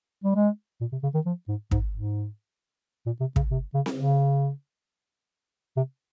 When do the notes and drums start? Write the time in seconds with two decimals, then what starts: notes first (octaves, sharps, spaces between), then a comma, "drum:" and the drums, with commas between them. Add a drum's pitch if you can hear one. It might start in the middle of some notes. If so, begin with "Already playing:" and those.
0.24 G3
0.35 G#3
0.81 A#2
0.92 C3
1.03 C#3
1.14 D#3
1.26 F3
1.48 G#2
1.71 G#2, drum: kick
1.93 G#2
3.06 A#2
3.21 C3
3.36 C#3, drum: kick
3.51 C3
3.74 C#3
3.86 drum: snare C4
3.96 C#3
5.77 C3